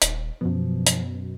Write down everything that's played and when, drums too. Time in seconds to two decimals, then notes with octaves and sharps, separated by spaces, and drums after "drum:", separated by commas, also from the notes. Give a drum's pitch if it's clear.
0.02 D#1, drum: hi-hat
0.41 F#2 B2 F3
0.87 drum: hi-hat